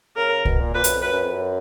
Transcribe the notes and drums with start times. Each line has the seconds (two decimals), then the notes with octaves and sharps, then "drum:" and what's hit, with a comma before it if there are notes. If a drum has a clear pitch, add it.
0.16 C#3 A#4
0.45 B2, drum: kick C2
0.60 A#2
0.74 A#2 B4
0.84 F#2, drum: hi-hat
0.93 F2
1.02 F#2 B4
1.12 F#2
1.22 F2
1.31 F#2